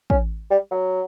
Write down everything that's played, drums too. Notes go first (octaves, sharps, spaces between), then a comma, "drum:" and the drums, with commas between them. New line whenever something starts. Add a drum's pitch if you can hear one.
C#4, drum: kick
G3
F#3